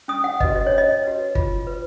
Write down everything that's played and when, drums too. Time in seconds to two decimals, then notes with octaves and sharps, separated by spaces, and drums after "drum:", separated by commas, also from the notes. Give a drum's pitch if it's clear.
0.08 C#4 D#6
0.24 F#5
0.40 F#4 B4 D#5, drum: kick G1
0.56 D#5
0.67 C#4 C#5
0.78 D#5
1.04 F#4 B4
1.35 F4, drum: kick G1
1.67 B4